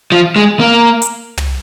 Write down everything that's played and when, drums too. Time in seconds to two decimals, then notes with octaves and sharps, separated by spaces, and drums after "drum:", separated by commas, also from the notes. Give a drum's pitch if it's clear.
0.12 F3
0.36 G#3
0.60 A#3
1.02 drum: hi-hat
1.37 drum: tom